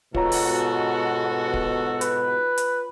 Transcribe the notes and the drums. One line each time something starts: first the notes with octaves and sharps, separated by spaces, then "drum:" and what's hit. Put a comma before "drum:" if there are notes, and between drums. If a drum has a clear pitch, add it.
G#2 B2 F4 F#4 A4 C#5 A#5, drum: kick
drum: open hi-hat
drum: kick
B4, drum: hi-hat
drum: hi-hat